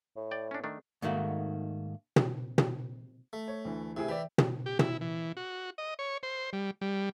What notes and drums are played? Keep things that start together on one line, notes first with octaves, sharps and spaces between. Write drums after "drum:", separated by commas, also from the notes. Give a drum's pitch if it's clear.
A2
D5 G5
C#4 D4
D#3 A3 D4
G#2 D#3 A3 A#3 F#4
drum: tom
drum: tom
A3
C#5
D2 E3
C3 A3 E4 G#4
E3 D5 E5 G5
drum: tom
G4
E4, drum: tom
E3
F#4
D#5
C#5
C5
G3
G3